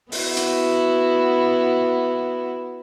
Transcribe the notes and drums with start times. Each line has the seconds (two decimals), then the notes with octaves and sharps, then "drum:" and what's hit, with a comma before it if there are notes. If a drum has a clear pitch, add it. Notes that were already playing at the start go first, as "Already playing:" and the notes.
0.12 B3 E4 F#4, drum: open hi-hat
0.37 drum: hi-hat